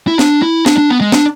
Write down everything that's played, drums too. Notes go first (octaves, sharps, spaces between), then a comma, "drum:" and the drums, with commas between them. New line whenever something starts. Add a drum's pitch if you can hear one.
E4
D4, drum: snare
E4
D4, drum: snare
D4
B3
G#3
D4, drum: snare